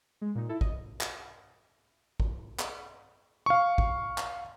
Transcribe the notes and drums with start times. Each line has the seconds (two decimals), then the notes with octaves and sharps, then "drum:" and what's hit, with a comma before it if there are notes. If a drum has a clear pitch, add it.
0.21 G#3
0.35 A#2 D#4
0.49 E4 A4
0.61 D#5, drum: kick
1.01 drum: clap
2.20 drum: kick
2.59 drum: clap
3.46 F5 C#6
3.78 drum: kick
4.18 drum: clap